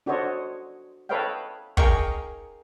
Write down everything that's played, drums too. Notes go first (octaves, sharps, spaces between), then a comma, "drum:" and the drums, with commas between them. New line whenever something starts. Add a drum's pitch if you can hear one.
D4 F#4 A4 C5 C#5 D#5
A4 B4 C#5 D#5 F5 G5
G#4 A#4 D#5 F5 G5 C#6, drum: kick